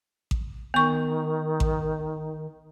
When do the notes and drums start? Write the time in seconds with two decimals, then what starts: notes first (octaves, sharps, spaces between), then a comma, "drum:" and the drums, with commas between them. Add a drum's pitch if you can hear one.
0.31 drum: kick A1
0.74 D#3 B3 C#6
1.60 drum: kick A1